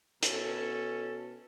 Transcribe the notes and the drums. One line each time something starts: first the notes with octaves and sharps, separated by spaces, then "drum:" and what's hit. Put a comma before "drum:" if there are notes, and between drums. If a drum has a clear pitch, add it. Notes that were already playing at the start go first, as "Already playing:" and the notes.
B2 C#4 A4, drum: hi-hat